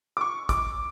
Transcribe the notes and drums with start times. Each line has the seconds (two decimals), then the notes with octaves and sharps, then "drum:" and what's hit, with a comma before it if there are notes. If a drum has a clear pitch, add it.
0.17 D6
0.21 C#6
0.49 D6, drum: kick, hi-hat